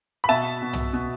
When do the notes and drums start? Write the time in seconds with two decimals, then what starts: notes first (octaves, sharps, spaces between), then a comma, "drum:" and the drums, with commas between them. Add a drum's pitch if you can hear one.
0.24 B5
0.29 B2 E5 A5
0.62 B2
0.73 drum: tom
0.93 B2